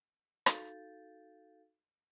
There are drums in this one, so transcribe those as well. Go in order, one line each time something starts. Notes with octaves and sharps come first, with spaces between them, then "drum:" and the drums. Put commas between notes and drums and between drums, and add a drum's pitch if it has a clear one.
D#4 F#4 A4 F5 G6 A6, drum: rim click